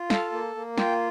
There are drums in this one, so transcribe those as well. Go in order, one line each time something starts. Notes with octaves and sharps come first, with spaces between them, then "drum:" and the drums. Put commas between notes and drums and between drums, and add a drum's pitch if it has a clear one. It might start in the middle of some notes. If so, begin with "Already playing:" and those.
Already playing: F4
A4 F5, drum: snare
A#3
A#3
F4 G5, drum: snare